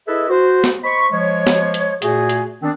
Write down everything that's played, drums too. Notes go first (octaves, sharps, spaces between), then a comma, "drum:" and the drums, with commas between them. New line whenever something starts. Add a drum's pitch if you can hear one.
E4 G#4 A4 B4 D#5 E5
F#4 C5
drum: snare
C5 D#5 B5 C#6
F3 G#3 C#5
drum: snare
drum: hi-hat
A#2 A3 F#4 G#4, drum: hi-hat
drum: hi-hat
D#3 B3 C4 D4